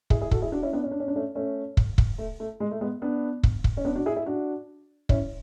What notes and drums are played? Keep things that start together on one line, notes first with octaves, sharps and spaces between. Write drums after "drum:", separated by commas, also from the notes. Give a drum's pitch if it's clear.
E4 G#4, drum: kick
E4 G#4
F#4 A4, drum: kick
E4 G#4
D4 F#4
C#4 E4
B3 D4
C#4
D4
C#4
D4
A3 C#4
A3 C#4
drum: kick
drum: kick
A3
A3
G#3
A3
G#3 B3
B3 D4
drum: kick
drum: kick
C#4
B3 D4
D4 F#4
E4 G#4
E4 G#4
D4 F#4
C#4 E4, drum: kick